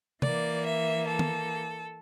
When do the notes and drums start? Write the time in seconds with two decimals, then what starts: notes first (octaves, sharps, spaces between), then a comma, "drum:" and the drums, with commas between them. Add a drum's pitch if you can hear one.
0.22 E3 A#3 D5, drum: tom
0.65 E5
1.07 A4
1.19 drum: tom